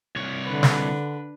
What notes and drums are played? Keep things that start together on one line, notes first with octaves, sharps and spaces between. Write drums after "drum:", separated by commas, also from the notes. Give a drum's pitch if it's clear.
C2 C#5
D3 D4 B4
drum: snare